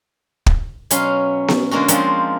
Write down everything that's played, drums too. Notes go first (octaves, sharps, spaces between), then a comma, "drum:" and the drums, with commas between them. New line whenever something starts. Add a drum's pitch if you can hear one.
drum: kick
B2 F#3 C#4 F5 C6, drum: hi-hat
drum: snare B3
D3 G#3 A#3 C#4 F#4
F3 G#3 A#3 C4 D4, drum: hi-hat